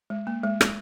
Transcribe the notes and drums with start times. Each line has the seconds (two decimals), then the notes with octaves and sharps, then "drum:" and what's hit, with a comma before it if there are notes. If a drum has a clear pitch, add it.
0.10 G#3
0.27 A#3
0.44 G#3
0.61 drum: rim click